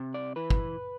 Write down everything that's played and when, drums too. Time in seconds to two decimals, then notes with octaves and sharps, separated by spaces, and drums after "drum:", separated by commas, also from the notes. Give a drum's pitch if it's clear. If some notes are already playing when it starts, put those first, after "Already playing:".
Already playing: C3
0.14 D5
0.36 E3 B4
0.50 drum: kick